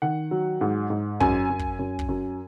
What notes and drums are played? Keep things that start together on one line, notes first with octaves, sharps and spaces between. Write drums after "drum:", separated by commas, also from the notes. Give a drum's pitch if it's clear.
D#3 F#5
F#3
G#2
G#2
F#2 G#5, drum: kick
F#2
drum: kick
F#2
drum: kick
F#2